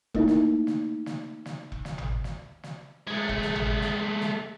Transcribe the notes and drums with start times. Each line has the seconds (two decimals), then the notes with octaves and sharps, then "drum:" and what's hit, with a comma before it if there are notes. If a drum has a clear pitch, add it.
0.14 A3 A#3 D#4 E4, drum: kick E1
0.28 drum: snare
0.67 drum: snare
1.06 drum: snare
1.46 drum: snare
1.72 drum: kick E1
1.85 drum: snare
1.98 drum: tom G#1
2.24 drum: snare
2.63 drum: snare
3.08 G#3 A3
3.29 drum: kick E1
3.42 drum: snare
3.55 drum: tom G#1
3.81 drum: snare
4.21 drum: snare